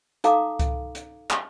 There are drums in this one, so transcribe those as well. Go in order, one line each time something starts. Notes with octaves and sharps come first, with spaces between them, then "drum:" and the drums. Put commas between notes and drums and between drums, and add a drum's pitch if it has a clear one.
D#4 A4 F5 A#5 D6 D#6, drum: hi-hat
drum: kick C#2, hi-hat
drum: hi-hat
drum: clap